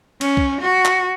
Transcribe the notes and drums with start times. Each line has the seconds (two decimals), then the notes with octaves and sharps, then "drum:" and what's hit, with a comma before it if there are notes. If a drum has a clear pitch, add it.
0.21 C#4, drum: cymbal
0.37 drum: kick C2
0.62 F#4
0.85 drum: clap